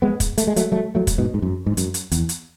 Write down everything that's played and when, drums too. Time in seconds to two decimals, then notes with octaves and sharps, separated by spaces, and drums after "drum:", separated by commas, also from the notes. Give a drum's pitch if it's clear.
0.02 G#3 B3
0.20 drum: kick, hi-hat
0.38 A3, drum: hi-hat
0.47 G#3
0.56 F#3 A3, drum: hi-hat
0.72 F#3 A3
0.95 F#3 A3
1.07 drum: kick, hi-hat
1.18 G#2 B2
1.34 G#2
1.42 F#2
1.66 G#2
1.77 F#2, drum: hi-hat
1.94 drum: hi-hat
2.12 E2, drum: hi-hat
2.29 drum: hi-hat